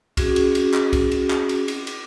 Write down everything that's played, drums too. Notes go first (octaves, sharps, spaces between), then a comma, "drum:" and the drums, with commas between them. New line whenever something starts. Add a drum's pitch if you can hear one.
C#4 F#4 G#4, drum: kick C2, cymbal
drum: cymbal
drum: cymbal
drum: clap
drum: kick C2, cymbal
drum: cymbal
drum: clap
drum: cymbal
drum: cymbal
drum: cymbal